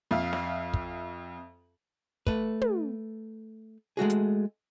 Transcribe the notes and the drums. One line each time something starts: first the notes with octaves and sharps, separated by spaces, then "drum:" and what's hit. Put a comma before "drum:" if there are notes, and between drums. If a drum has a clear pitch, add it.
F2 E5 F5
drum: snare
drum: kick
A3 B4, drum: kick
drum: tom
G#3 A3 F#4 G#4
drum: hi-hat